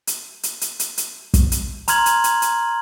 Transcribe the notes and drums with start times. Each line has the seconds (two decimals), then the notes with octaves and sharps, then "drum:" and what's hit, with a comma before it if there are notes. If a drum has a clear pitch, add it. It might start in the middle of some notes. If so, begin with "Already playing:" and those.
0.07 drum: hi-hat
0.43 drum: hi-hat
0.61 drum: hi-hat
0.79 drum: hi-hat
0.98 drum: hi-hat
1.34 drum: kick, hi-hat
1.52 drum: hi-hat
1.88 A#5 C6 F6 G#6 F#7, drum: hi-hat
2.06 drum: hi-hat
2.24 drum: hi-hat
2.42 drum: hi-hat